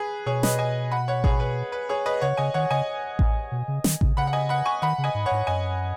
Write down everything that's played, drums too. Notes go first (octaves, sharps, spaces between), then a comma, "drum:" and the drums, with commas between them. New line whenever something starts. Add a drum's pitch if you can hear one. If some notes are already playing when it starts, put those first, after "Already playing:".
Already playing: G#4 B4
B2 G#4 C#5
B4 D#5, drum: snare
D#5 G#5
F#5 B5
C#5 F#5
G#4 C#5, drum: kick A1
B4
B4
G#4 C#5
B4 D#5
C#3 C#5 F#5
C#3 D#5 G#5
D#3 C#5 F#5
C#3 D#5 G#5
drum: kick A1
B2
C#3
D#3, drum: snare
C#3, drum: kick A1
C#3 F#5 B5
F#5
D#5 G#5
F#5 B5
G#5 C#6
D#3 F#5 B5
C#3
D#5 G#5
G#2
C#5 F#5
G#2
F#2 D#5 G#5